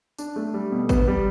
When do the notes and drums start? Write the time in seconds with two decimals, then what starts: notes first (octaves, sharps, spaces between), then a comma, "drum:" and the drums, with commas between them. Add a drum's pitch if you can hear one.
0.18 D4, drum: tambourine
0.36 A3
0.54 G3
0.72 B2
0.89 B3, drum: kick, tambourine
1.08 G3